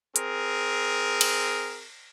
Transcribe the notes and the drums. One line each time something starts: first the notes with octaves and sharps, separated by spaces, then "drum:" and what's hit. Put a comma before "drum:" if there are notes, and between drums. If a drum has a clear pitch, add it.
C4 G#4 A#4, drum: hi-hat
drum: cymbal